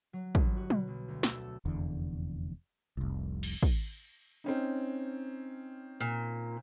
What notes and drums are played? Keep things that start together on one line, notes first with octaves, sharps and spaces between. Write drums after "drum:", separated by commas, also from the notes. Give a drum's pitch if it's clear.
F#3
G1, drum: kick
F#4
B2, drum: tom F#3
B1
D2
E6, drum: snare
A4
F1 E2 D3
F1 C2
drum: cymbal
drum: kick
C4 C#4 D#4
A#2